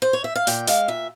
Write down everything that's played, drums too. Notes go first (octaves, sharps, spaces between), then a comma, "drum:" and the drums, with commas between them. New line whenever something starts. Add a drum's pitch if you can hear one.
C5
C#5
E5
F5
A#2 G5, drum: hi-hat
G#3 F5, drum: hi-hat
A#2 E5